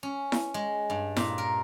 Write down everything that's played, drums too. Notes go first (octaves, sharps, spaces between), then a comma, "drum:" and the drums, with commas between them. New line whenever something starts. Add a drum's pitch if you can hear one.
C#4
drum: snare E4
G#3
G2
A#2, drum: snare E4
A#4